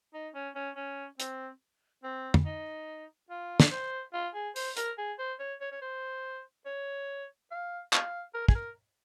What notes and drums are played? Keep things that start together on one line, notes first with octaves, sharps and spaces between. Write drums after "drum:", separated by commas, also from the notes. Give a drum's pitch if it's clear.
D#4
C#4
C#4
C#4
C4, drum: hi-hat
C4
drum: tom
D#4
F4
drum: snare
C5
F4
G#4
C5, drum: open hi-hat
A#4, drum: hi-hat
G#4
C5
C#5
C#5
C#5
C5
C#5
F5
F5, drum: clap
A#4
G#4, drum: kick
A#4